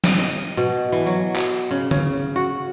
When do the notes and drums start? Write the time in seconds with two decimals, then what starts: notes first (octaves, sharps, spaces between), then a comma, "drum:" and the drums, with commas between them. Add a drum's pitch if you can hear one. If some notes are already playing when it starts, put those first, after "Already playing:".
0.04 drum: snare
0.19 D#5
0.57 B2
0.92 E3
1.06 F#3
1.36 drum: clap
1.71 C#3
1.91 C#3, drum: tom
2.36 F#4